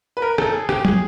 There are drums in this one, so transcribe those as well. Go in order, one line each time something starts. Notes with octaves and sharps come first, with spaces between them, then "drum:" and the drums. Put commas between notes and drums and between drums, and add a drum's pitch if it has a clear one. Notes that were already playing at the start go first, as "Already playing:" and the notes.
B4
A#4
A4, drum: rim click
G#4
G4, drum: rim click
G#4, drum: tom F#3